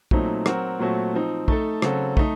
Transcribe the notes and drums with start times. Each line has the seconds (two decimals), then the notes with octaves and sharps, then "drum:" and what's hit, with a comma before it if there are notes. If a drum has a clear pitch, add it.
0.11 A#2 F#3 A3 C4 D#4, drum: kick
0.46 F#3 C4 F#4 A#4, drum: rim click
0.79 A#2 F#3 A3 C4 F#4
1.14 F3 C4 D#4
1.48 A3 D#4 A4, drum: kick
1.82 C#3 F#3 C4 F#4 A4, drum: rim click
2.17 A3 D#4, drum: kick